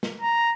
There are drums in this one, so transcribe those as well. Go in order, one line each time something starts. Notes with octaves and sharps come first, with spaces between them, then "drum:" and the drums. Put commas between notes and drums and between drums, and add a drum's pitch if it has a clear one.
drum: snare
A#5